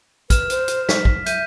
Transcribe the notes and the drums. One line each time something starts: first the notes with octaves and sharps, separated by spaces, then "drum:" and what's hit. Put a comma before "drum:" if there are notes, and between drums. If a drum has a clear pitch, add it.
B4 F6 E7, drum: kick, hi-hat
C5, drum: hi-hat
drum: hi-hat
B6, drum: snare
drum: kick
E5 G6 D#7, drum: hi-hat